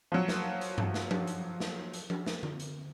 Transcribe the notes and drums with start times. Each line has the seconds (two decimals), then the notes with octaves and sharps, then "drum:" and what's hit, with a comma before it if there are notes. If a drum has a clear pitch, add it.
0.12 F3 F#3
0.28 drum: snare
0.61 drum: hi-hat
0.78 drum: tom G2
0.94 drum: snare
1.11 drum: tom F3
1.27 drum: hi-hat
1.60 drum: snare
1.93 drum: hi-hat
2.10 drum: tom F3
2.26 drum: snare
2.43 drum: tom D3
2.59 drum: hi-hat